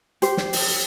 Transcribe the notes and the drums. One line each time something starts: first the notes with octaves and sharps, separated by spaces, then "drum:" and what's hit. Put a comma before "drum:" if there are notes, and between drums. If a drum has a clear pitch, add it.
G4 C5, drum: hi-hat
drum: snare
drum: open hi-hat
drum: hi-hat